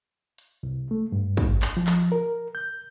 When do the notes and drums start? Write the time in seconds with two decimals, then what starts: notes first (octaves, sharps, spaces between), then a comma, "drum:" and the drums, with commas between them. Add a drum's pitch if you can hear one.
0.38 drum: hi-hat
0.63 C2
0.91 A3
1.12 G2
1.37 drum: kick, hi-hat
1.62 drum: clap
1.77 F3
1.87 drum: clap
2.12 A#4
2.55 G6